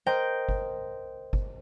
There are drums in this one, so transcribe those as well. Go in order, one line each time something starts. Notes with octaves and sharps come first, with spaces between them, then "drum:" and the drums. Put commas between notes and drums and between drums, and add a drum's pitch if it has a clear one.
A#4 C5 D#5 G5
drum: kick G1
drum: kick G1